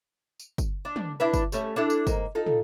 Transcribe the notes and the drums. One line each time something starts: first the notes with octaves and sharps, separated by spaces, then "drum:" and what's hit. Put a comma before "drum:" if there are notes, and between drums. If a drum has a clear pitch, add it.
drum: tambourine
drum: kick, tambourine
D4
drum: tom
D4 E4 B4
drum: kick, tambourine
G3 A3 C#4, drum: tambourine
D4 E4 A4
drum: tambourine
G#2 A#3, drum: kick, tambourine
D#4 F4 A4
drum: tom